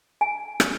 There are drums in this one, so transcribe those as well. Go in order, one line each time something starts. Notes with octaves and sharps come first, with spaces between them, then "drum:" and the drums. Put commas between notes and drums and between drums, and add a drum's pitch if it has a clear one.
G#5
drum: rim click